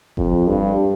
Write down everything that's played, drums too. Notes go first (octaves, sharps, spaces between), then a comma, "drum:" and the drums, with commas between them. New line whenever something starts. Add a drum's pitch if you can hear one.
F2, drum: kick F#1
G2